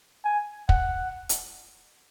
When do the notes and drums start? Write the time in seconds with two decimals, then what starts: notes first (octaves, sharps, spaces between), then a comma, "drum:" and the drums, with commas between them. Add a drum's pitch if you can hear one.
0.25 G#5
0.69 F#5, drum: kick
1.29 drum: hi-hat